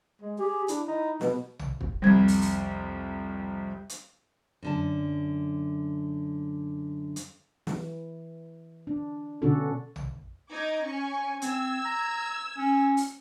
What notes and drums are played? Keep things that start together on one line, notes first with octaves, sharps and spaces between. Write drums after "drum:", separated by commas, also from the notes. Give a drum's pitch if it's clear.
G#3
G4 G#4
D4 E4, drum: hi-hat
D#4
B2 B3, drum: snare
drum: tom A#1
drum: kick
C2 F2 G3 G#6
drum: open hi-hat
drum: open hi-hat
drum: hi-hat
F#2 D3 A5
drum: hi-hat
E3, drum: snare
D4
B2 D3 C#4 D4 F#4 A4
drum: tom A#1
D#4 D6 G#6
C#4 G#5 C#6
C4 E6 G#6, drum: hi-hat
A#5
C#4
drum: open hi-hat